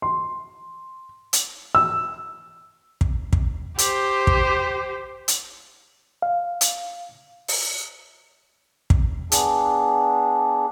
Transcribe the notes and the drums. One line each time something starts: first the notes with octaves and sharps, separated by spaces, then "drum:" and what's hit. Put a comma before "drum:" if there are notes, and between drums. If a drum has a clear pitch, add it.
C6
drum: hi-hat
E6
drum: kick
drum: kick
G4 C5, drum: hi-hat
drum: kick
drum: hi-hat
F5
drum: hi-hat
drum: open hi-hat
drum: kick
B3 D4 G#4, drum: hi-hat